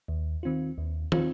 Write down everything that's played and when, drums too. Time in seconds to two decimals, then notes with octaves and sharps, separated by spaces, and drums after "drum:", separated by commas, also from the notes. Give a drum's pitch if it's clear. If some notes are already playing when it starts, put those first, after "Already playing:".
0.08 D#2
0.43 D#3 C4 F4
0.78 D#2
1.12 D#3 C4 F4, drum: tom